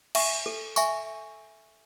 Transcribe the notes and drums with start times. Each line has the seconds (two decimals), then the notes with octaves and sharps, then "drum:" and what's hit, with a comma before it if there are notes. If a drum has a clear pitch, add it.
0.15 E5 G#5 C#6, drum: cymbal
0.46 A4
0.76 E5 G#5 C#6, drum: tambourine